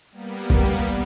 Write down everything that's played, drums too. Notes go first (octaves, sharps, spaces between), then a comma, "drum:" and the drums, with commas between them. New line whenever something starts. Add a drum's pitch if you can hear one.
G3 A#3 B3
drum: kick